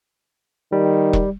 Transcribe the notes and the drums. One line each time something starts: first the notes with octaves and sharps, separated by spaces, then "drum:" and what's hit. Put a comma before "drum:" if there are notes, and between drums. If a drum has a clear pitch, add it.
D#3 G3
drum: kick E1